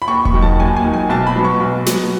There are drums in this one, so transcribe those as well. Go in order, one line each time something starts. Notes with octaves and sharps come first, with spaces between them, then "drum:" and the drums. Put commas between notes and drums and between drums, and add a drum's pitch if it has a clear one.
B5
D#2 C#6
C#6, drum: kick E1
D#3 F#3
A5
D#2 G#5
G#5
D#3 F#3
G#5
B1 A5
B5
B2 F#3 B3
C#6
B1
B2 F#3 B3, drum: snare